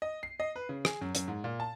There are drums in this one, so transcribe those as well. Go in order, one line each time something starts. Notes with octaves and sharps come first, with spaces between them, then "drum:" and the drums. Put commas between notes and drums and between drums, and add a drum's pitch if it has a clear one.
D#5
C7
D#5
B4
C#3
G#4, drum: rim click
F#2
F#2, drum: hi-hat
G#2
A#2
A5